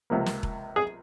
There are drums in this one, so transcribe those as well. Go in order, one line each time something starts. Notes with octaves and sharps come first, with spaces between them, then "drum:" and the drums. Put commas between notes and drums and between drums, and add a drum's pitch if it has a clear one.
C#2 C3 F3 A#3
drum: snare
drum: kick E1
G#4